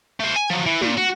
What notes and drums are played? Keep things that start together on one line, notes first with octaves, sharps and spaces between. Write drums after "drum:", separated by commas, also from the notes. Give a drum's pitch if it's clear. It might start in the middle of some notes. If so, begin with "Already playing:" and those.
A3 C5
G#5
F3 F#3
E3
A#2, drum: tom
F#4